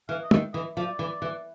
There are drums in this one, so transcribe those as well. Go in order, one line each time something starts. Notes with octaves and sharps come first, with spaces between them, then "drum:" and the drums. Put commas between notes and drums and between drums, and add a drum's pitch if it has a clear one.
E3 F5
D#5
D#3 E5, drum: tom
E3 D#5
F3 D5
E3
E3